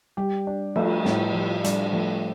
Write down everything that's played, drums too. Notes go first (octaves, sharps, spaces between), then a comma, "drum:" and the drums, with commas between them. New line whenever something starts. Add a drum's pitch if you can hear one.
G3 G4
D4
F3 A3, drum: cymbal
A2 G3, drum: snare
F3 G4
G3 D4, drum: hi-hat
F3 A3